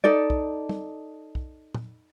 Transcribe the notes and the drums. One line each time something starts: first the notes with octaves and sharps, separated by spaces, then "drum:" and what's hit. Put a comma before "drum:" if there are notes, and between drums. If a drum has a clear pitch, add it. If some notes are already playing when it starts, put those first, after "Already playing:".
D#4 A4 D5
drum: kick
drum: tom
drum: kick
drum: tom